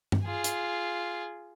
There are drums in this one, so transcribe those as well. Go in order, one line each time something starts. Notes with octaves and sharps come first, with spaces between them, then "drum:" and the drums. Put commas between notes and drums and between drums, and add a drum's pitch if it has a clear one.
drum: tom G2
F4 G#4
drum: hi-hat